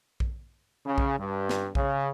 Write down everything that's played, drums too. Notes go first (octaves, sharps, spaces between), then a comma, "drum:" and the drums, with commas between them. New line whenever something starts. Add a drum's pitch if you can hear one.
drum: kick A#1
C#3
drum: kick A#1
G2
drum: snare
C#3, drum: kick A#1